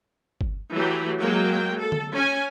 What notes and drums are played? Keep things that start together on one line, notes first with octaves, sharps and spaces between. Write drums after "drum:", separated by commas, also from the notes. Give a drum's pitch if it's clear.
drum: kick
E3 F#3 A3 G4
F#3 G#3 A#3 G5
A4
drum: tom D3
C#4 G#5